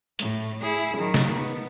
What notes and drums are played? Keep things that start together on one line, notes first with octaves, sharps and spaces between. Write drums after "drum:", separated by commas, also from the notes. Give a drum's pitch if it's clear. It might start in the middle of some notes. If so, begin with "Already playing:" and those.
A2, drum: hi-hat
E4 G#4
D#3 F#3
drum: snare
B3